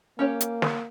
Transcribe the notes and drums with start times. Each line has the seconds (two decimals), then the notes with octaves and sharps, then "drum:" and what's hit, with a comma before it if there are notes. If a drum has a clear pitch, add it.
0.19 A#3 C#4 G4 C#5
0.41 drum: hi-hat
0.62 drum: snare